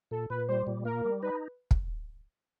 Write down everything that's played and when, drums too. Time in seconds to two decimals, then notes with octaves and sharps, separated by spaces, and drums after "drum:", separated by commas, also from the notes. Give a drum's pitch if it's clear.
0.11 A#2 A4
0.30 A#2 B4
0.48 G3 C5
0.67 A#2
0.85 A#3 A#4
1.05 G3
1.23 D#4 B4
1.71 drum: kick